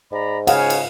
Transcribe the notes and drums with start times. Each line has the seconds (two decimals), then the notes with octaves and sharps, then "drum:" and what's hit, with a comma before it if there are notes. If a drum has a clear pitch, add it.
0.12 G#2 D5 A#5 B5
0.47 C#3 F5 F#5 G#5, drum: cymbal
0.70 drum: cymbal